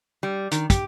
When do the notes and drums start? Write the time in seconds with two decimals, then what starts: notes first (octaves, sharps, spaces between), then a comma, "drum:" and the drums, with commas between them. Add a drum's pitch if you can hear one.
0.23 G3
0.51 D#3, drum: hi-hat
0.70 G4, drum: kick, hi-hat